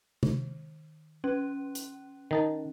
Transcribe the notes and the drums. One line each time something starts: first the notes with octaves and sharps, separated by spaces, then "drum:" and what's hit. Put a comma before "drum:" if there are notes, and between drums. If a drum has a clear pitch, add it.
D#3, drum: tom C3
C#4 B4
drum: hi-hat
D#3 D#4 A5